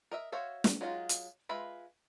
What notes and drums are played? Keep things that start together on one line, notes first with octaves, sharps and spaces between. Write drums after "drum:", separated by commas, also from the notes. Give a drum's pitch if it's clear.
A#4 D#5 E5
F#4 C5 C#5 E5 F5
drum: snare
F#3 G#3 D#4 F4
drum: hi-hat
G#3 F4 B4 E5 B5